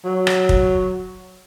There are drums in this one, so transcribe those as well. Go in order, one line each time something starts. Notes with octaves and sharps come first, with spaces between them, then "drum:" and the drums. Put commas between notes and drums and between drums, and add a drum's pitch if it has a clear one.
F#3
drum: rim click
drum: kick